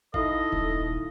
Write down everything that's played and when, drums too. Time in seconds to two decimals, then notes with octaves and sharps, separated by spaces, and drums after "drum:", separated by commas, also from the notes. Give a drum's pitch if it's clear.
0.14 D#4 E4 A4 D#5 F5, drum: kick
0.52 D#1, drum: kick